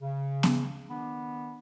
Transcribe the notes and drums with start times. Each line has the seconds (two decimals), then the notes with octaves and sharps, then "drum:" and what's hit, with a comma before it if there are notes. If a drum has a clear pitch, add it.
0.01 C#3
0.43 drum: snare B3
0.88 D#3 B3 D4